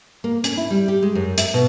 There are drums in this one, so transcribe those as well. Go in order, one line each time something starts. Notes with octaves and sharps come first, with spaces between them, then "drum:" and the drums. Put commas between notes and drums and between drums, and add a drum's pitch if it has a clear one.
A#3
C#4, drum: hi-hat
E4
G3
G4
G#3
F#2
E5, drum: hi-hat
B2